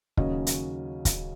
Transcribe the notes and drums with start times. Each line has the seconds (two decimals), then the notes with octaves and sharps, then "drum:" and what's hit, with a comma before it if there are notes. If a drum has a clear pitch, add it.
0.17 D#2 C#3 F#3 C#4 D#5, drum: kick
0.47 drum: hi-hat
1.05 drum: kick, hi-hat